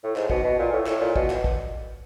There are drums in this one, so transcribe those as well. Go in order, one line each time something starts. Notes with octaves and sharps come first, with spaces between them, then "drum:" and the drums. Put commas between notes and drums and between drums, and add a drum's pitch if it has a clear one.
A2
G#2, drum: clap
B2, drum: kick
B2
A#2
A2
A2, drum: clap
A#2
B2, drum: kick
drum: clap
drum: kick